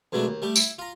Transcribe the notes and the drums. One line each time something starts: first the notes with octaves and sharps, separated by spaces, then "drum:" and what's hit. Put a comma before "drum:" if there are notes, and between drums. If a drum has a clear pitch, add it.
F2 B2 F#3 G#3 A3 D4
D#2
G3 A3 G4
E4, drum: tambourine
F4 A#5